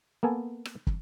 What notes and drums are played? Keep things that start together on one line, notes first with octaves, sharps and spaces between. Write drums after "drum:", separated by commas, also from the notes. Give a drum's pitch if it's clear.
A#3 B3 A4 G#5
drum: rim click
drum: kick